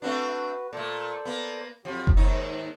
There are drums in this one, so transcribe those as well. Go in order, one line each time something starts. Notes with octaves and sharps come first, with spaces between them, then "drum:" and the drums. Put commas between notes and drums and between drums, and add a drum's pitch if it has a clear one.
A3 C4 D4 F#4 B4
A#2 A3 A4 C5 D5
A#3 B3
F2 F3 F#3 G4
drum: kick F#1
D#2 G#2 D#4 E6